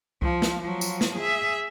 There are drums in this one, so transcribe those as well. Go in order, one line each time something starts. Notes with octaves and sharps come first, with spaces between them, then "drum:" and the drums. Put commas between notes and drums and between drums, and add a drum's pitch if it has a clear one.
F3, drum: kick C2
drum: snare
F3 F#3
drum: tambourine
drum: snare
G#4 E5